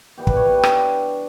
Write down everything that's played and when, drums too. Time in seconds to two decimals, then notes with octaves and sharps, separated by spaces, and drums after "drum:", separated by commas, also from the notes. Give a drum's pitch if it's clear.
0.18 E3 G3 B3 G4
0.27 B4, drum: kick
0.36 C#5
0.45 B4
0.54 G4
0.63 D4, drum: rim click